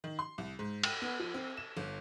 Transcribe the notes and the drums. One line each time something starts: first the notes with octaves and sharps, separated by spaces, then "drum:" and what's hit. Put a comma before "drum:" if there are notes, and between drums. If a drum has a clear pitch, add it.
D#3
C6
C2
G#2
G5, drum: cymbal
B3
F3
C4
E7
G1